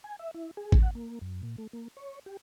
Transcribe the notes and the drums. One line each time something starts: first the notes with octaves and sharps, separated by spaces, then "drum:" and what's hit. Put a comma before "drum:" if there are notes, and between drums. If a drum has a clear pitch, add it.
G#5
E5
E4
G#4
drum: kick
F#5
A#3
F#2
A#2
A3
A#3
C#5
G4